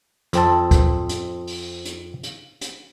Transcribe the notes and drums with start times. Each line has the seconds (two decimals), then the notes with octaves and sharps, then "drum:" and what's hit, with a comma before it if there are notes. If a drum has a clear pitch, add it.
0.33 F2 C4 A5, drum: hi-hat
0.71 drum: kick D2, hi-hat
1.09 drum: hi-hat
1.47 drum: open hi-hat
1.85 drum: hi-hat
2.23 drum: hi-hat
2.61 drum: hi-hat